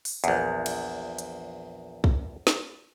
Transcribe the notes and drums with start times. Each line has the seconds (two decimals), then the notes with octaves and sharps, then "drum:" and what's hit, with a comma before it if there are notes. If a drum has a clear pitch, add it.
0.05 drum: open hi-hat
0.24 A#1 E2, drum: hi-hat
0.66 drum: cymbal
1.18 drum: hi-hat
2.04 drum: kick
2.47 drum: snare